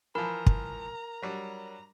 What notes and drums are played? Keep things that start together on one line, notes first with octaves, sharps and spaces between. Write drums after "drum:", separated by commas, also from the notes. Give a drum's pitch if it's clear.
E3 F3 A#4 A#5 B5
drum: kick
F#3 G3 D4